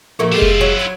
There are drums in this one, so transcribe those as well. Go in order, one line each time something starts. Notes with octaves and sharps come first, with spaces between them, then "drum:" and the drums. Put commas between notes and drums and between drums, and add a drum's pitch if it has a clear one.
A#1 A3 A#3 F#4
G#3 E4 F4 G4
drum: kick F1
F#3
G#5